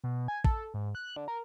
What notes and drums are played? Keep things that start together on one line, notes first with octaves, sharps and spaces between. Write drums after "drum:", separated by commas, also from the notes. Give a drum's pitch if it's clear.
B2
G#5
A4, drum: kick
G#2
F#6
D3
A#4